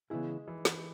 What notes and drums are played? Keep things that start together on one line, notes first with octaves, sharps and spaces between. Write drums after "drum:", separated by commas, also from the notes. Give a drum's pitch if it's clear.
C#3 E3 G#3 B3 E4 G#4
E3
E3, drum: snare